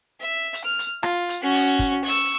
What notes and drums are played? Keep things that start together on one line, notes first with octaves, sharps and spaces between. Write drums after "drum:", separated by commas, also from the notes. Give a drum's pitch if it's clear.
E5
drum: hi-hat
F6
drum: hi-hat
F4, drum: rim click
drum: hi-hat
C#4 F#4
drum: open hi-hat
drum: kick, hi-hat
C#6 E6, drum: open hi-hat